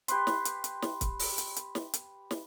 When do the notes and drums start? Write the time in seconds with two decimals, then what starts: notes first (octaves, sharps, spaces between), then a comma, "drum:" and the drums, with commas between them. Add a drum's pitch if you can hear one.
0.08 G4 B4 C6, drum: hi-hat
0.27 drum: snare
0.45 drum: hi-hat
0.64 drum: hi-hat
0.82 drum: snare
1.01 drum: kick, hi-hat
1.19 drum: open hi-hat
1.38 drum: hi-hat
1.56 drum: hi-hat
1.75 drum: snare
1.94 drum: hi-hat
2.31 drum: snare